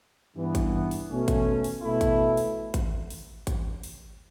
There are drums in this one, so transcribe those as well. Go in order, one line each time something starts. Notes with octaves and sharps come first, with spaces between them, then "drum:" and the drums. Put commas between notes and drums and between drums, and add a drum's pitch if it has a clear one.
G2 E3 B3
drum: kick A1, hi-hat
drum: open hi-hat
B2 A3 C#4
drum: kick A1, hi-hat
drum: open hi-hat
B2 A3 E4
drum: kick A1, hi-hat
drum: open hi-hat
drum: kick A1, hi-hat
drum: open hi-hat
drum: kick A1, hi-hat
drum: open hi-hat